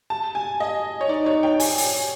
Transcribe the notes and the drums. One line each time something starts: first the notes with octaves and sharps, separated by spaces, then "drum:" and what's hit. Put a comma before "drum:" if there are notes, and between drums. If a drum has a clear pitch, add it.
A5
G#5
D#5
C#5
D#4 D5
C#5
G5
G#5, drum: open hi-hat
drum: open hi-hat